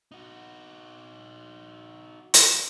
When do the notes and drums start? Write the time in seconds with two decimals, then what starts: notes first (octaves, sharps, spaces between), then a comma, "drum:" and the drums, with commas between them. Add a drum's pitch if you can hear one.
0.12 D#4 F#4
2.34 drum: hi-hat